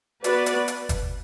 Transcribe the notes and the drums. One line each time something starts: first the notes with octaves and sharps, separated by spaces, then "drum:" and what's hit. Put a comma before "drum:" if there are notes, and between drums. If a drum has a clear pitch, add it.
B3 F#4 B4 D5, drum: hi-hat
drum: hi-hat
drum: hi-hat
drum: kick, hi-hat